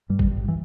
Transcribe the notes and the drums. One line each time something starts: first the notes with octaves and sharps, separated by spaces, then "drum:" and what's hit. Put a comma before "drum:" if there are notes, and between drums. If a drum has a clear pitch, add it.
G2 G3
drum: kick
G2
E3